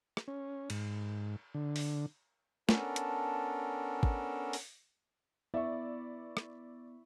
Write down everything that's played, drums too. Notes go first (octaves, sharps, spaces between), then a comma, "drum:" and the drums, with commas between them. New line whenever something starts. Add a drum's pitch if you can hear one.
drum: rim click
C#4
G#2, drum: cymbal
D3
drum: open hi-hat
B3 C#4 D4 A4 A#4, drum: snare
drum: hi-hat
drum: kick
drum: open hi-hat
B3 E4 D5 E5 C#6
drum: rim click